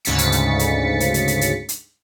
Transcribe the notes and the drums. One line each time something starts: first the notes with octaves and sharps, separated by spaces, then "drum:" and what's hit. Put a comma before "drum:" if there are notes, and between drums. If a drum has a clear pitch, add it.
D2 G#2 C#3 A6 B6 C#7, drum: hi-hat
drum: hi-hat
drum: hi-hat
drum: hi-hat
drum: hi-hat
drum: hi-hat
drum: hi-hat
drum: hi-hat
drum: hi-hat